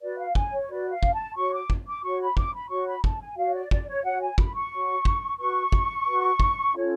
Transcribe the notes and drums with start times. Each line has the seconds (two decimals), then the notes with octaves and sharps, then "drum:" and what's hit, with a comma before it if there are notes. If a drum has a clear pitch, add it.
0.02 F#4 B4 D5
0.19 F5
0.35 G#5, drum: kick
0.52 C#5
0.69 F#4 B4 D5
0.91 F5
1.03 drum: kick
1.14 A5
1.36 F#4 C#5 C#6
1.53 D6
1.70 drum: kick
1.86 D6
2.03 F#4 C#5 C#6
2.20 B5
2.37 D6, drum: kick
2.53 B5
2.70 F#4 C#5 C#6
2.87 B5
3.04 A5, drum: kick
3.21 G#5
3.37 F#4 C#5 F5
3.54 D5
3.71 D5, drum: kick
3.88 C#5
4.04 F#4 C#5 F#5
4.21 G#5
4.38 B5, drum: kick
4.55 C#6
4.72 F#4 C#5
5.05 drum: kick
5.38 F#4 B4 C#6
5.72 drum: kick
6.06 F#4 B4
6.40 drum: kick
6.73 C#4 F4 A4 C#5